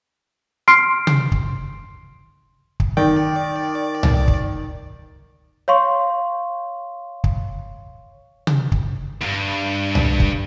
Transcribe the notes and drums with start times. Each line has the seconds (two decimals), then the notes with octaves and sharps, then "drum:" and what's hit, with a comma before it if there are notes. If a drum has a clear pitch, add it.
0.68 C6 F6 C7 D7
1.07 drum: tom C3
1.32 drum: kick
2.80 drum: kick
2.97 D#3 D5 G5
4.03 drum: tom C2
4.28 drum: kick
5.68 C#5 F5 C6 C#6
7.24 drum: kick
8.47 drum: tom C3
8.72 drum: kick
9.21 E2 G2
9.95 drum: tom C2
10.20 drum: kick